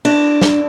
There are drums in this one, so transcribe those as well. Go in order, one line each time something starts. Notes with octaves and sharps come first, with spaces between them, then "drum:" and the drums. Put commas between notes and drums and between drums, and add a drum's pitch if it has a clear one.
D4, drum: cymbal
drum: snare